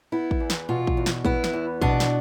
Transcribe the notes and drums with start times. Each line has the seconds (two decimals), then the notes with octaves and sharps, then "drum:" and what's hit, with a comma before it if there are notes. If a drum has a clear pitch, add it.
0.12 B3 E4
0.31 drum: kick
0.40 E2
0.50 drum: snare
0.69 B2 F4
0.87 drum: kick
0.97 E2
1.06 drum: snare
1.25 B3 E4, drum: kick
1.44 drum: snare
1.53 E2
1.82 B2 D4, drum: kick
2.00 drum: snare